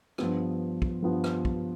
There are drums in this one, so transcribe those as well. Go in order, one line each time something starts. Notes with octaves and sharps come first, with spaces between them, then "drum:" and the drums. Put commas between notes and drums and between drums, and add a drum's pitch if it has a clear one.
G2 F3 B3 F4, drum: rim click
drum: kick
G2 F3 B3 F4
drum: rim click
drum: kick